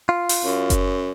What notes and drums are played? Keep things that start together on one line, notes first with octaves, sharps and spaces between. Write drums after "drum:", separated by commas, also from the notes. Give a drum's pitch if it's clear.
F4
drum: open hi-hat
F#2
drum: kick F#1, hi-hat